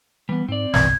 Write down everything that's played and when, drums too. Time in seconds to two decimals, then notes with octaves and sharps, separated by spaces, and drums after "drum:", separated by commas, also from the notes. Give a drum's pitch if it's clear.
0.29 E3 G3 B3
0.48 G#2 C4 D5
0.74 G1 C2 E3 G#6, drum: snare